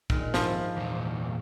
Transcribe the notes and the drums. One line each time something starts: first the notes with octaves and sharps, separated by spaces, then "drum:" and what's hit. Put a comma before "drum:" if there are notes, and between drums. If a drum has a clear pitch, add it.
A#2 D#3 G#3, drum: kick
G#2 F3 E4, drum: snare
E2 A#2